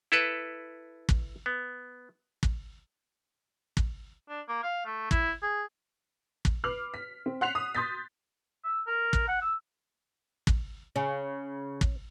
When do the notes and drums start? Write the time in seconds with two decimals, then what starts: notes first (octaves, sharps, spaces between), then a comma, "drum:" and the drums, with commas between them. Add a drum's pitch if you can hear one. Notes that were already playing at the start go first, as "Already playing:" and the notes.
0.12 E4 A4 B4
1.09 drum: kick
1.46 B3
2.43 drum: kick
3.77 drum: kick
4.29 D4
4.48 A#3
4.63 F5
4.86 A3
5.11 E4, drum: kick
5.42 G#4
6.45 drum: kick
6.64 B4 D6 F6 C7 F#7
6.94 B6
7.26 C4
7.41 F#5 C6 F#6 B6 C7 F7
7.55 D#6
7.75 C6 D#6 G6 A6 B6
8.64 E6
8.87 A#4
9.13 drum: kick
9.28 F#5
9.42 E6
10.47 drum: kick
10.96 C#3 C#4
11.81 drum: kick